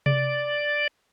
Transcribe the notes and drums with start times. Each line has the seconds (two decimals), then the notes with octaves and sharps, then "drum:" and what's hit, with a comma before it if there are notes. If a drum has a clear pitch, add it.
0.06 D5, drum: tom C3